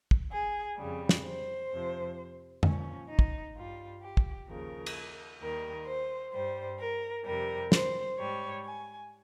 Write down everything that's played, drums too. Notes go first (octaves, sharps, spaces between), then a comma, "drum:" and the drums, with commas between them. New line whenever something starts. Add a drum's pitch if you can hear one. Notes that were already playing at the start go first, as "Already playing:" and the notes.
drum: kick
G#4
F2 C#3 G3
drum: snare
C5
F2 C3 F3
A#2 F3 C#4, drum: tom F2
D#4
drum: kick
G2 G3 F4
G4
drum: kick
D#2 C#3 F3 A#4
drum: cymbal
D#2 D#3 G3 A#4
C5
G2 G3 C5
A#4
F2 C3 G3 A#4
C5, drum: snare
G#2 G3 C#5
G#5